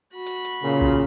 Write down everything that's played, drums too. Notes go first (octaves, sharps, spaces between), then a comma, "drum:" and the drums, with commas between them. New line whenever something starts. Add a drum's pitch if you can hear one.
F#4 B5
drum: hi-hat
drum: hi-hat
A#2 C#3
drum: kick